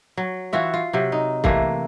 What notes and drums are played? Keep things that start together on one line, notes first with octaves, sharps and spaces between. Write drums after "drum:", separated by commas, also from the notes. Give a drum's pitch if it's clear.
F#3
E3 F4 F#4 E5
F4
C3 F#3
D#4
C3 E3 A3 A#3, drum: kick